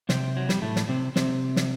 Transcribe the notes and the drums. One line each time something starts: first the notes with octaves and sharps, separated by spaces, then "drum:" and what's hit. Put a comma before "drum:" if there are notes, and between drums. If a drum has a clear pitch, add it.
C3 C4, drum: snare
F#3
G3, drum: snare
A2 A3
drum: snare
C3 C4
C3 C4, drum: snare
drum: snare